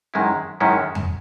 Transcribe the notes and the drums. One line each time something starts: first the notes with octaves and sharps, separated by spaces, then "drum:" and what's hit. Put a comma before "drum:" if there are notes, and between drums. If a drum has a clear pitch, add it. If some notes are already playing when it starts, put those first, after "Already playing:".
F#2 D#3 G#3 C#4 E4
F#2 D#3 G#3 C#4 E4
drum: tom E2